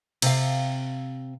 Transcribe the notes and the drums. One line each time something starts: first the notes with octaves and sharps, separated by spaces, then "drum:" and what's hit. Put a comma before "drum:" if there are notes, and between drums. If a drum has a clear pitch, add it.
C3 F5, drum: cymbal